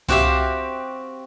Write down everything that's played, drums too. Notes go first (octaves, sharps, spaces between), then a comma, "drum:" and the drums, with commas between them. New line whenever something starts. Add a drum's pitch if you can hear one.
C4 F#4 G4 E5 F5, drum: tom C2